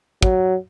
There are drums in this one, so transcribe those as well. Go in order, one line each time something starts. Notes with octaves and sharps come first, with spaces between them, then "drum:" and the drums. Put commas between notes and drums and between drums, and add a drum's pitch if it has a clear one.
F#3, drum: kick